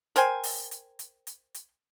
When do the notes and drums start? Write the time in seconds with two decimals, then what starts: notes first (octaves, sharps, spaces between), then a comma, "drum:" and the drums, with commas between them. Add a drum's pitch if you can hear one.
0.16 A#4 C5 G5 G#5, drum: hi-hat
0.43 drum: open hi-hat
0.71 drum: hi-hat
0.99 drum: hi-hat
1.27 drum: hi-hat
1.54 drum: hi-hat